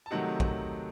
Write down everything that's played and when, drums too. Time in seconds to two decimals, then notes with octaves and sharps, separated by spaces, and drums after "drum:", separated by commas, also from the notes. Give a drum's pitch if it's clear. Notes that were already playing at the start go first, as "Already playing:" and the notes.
0.06 A5
0.11 C3 D#3 F#3 A3 D#5 F#5
0.40 drum: kick